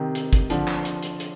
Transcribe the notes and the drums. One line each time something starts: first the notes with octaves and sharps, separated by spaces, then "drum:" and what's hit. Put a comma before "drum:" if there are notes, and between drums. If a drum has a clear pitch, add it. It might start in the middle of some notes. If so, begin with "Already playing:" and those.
Already playing: C3 D#3
drum: hi-hat
drum: kick, hi-hat
D3 F3, drum: hi-hat
drum: clap
drum: hi-hat
drum: hi-hat
drum: hi-hat